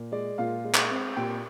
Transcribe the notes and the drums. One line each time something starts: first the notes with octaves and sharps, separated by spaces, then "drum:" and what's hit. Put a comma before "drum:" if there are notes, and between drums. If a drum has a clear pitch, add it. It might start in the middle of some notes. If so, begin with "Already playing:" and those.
Already playing: A#2
G#3 D5
A#2 F4 F5
G#3
drum: clap
C4
A#2 G4 G5